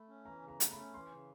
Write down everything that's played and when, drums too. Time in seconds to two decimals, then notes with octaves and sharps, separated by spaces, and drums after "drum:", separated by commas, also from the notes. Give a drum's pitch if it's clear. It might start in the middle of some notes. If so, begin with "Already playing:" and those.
Already playing: A3 B5
0.09 C#4
0.25 E3 A#5
0.42 C#3
0.48 A#5
0.60 A3, drum: hi-hat
0.71 B5
0.76 C#4
0.94 E3 C6
1.11 C#3